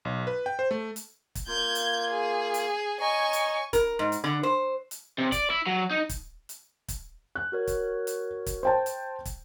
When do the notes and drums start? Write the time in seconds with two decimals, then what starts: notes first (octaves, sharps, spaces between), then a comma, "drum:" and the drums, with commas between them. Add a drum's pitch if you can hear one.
0.05 B1
0.27 B4
0.46 G5
0.59 C5
0.71 A3
0.96 drum: hi-hat
1.35 drum: kick, hi-hat
1.48 A#3 F4 G6 G#6
1.75 drum: hi-hat
2.11 G#4
2.54 drum: hi-hat
3.01 C#5 D#5 G#5 A#5 C#6
3.33 drum: hi-hat
3.73 A#4, drum: kick, hi-hat
3.99 G#2
4.12 drum: hi-hat
4.24 D3
4.43 C5
4.91 drum: hi-hat
5.18 C3
5.32 D5, drum: kick, hi-hat
5.50 E4
5.66 F#3
5.91 D#4
6.09 drum: kick, hi-hat
6.49 drum: hi-hat
6.88 drum: kick, hi-hat
7.35 F#6
7.52 F#4 A#4 C#5
7.67 drum: kick, hi-hat
8.07 drum: hi-hat
8.46 drum: kick, hi-hat
8.63 C5 G5 A5
8.86 drum: hi-hat
9.25 drum: kick, hi-hat